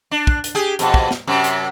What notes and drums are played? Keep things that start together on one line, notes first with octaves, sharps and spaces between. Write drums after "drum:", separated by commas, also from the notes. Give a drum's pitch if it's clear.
D4
drum: kick
drum: hi-hat
G4 G#4
F2 B2, drum: hi-hat
drum: kick
drum: snare
F#2 C3
drum: hi-hat